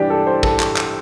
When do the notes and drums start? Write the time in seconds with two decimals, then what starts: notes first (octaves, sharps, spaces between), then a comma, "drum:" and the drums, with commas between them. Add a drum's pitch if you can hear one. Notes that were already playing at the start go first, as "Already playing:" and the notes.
Already playing: G2 E3 D4 G4
0.10 A4
0.27 C5
0.43 A4, drum: kick
0.60 drum: clap
0.76 drum: clap